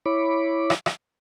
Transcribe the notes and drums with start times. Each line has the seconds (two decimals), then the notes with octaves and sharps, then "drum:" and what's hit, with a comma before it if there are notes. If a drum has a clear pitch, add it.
0.06 E4 C#5 B5 D6
0.70 drum: rim click
0.86 drum: rim click